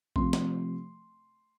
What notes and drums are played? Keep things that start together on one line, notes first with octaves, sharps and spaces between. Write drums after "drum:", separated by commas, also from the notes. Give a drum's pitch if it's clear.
C3 F3 A3 C4 C6, drum: kick A#1
drum: snare